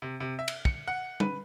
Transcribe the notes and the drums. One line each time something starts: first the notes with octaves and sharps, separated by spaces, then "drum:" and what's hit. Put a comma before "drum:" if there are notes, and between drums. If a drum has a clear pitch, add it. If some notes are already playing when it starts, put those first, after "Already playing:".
C3
C3
E5
drum: cymbal
C#7, drum: kick
F#5
B4, drum: tom G3